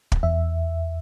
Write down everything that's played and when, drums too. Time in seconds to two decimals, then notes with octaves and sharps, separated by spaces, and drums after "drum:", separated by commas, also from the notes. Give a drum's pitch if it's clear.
0.12 drum: kick
0.23 E2 E5